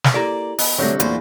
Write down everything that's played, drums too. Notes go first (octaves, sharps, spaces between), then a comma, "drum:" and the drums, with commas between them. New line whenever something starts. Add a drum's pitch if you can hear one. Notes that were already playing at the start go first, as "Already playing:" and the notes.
drum: snare
A#3 E4 G4 A4 D5
B3 D#5, drum: open hi-hat
C2 D3 F#3 A3 C#6 G6 A#6
E2 A#2 F#3 C5, drum: hi-hat